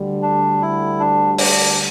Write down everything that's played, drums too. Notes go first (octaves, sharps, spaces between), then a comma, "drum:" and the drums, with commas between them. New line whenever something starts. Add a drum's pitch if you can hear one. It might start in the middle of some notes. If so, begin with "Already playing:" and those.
Already playing: D2 D3 G3
D4
E4
D4
D4, drum: open hi-hat